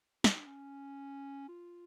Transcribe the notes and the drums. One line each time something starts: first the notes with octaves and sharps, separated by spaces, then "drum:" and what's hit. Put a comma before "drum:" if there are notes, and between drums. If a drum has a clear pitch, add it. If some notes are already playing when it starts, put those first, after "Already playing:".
E4, drum: snare
D#4
D4
C#4
F4